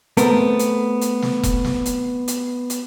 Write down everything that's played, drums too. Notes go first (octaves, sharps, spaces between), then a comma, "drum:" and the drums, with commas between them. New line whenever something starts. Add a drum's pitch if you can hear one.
A3 B3 C4 A#4, drum: hi-hat
drum: hi-hat
drum: hi-hat
drum: snare
drum: kick E1, hi-hat
drum: snare
drum: hi-hat
drum: hi-hat
drum: hi-hat